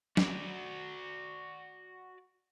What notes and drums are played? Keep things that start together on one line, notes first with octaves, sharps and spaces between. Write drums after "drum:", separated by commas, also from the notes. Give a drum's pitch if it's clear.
F#4 D5, drum: snare